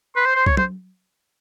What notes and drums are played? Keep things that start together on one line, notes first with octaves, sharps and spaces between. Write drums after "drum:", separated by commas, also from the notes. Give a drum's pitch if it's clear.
B4 C6
C5
C5
C#5, drum: kick
C5, drum: tom F#3